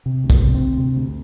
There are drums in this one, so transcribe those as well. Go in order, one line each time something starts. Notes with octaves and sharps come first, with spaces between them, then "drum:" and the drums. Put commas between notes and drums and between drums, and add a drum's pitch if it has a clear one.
C3
D2
B3, drum: kick
C3
C4
D2
C3
D2